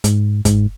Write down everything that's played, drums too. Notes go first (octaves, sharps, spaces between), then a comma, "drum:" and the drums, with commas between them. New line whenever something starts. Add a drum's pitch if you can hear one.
G#2, drum: hi-hat
G#2, drum: kick, hi-hat